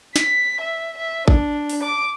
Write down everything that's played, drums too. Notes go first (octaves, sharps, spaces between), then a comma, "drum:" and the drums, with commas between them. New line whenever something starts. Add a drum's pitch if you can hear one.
B6, drum: snare
E5
E5
D4, drum: kick A1
drum: open hi-hat
D6